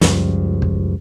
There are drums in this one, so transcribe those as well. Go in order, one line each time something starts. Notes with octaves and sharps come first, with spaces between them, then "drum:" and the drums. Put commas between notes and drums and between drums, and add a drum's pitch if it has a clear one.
C#2 F#2 F3 G3, drum: snare
drum: kick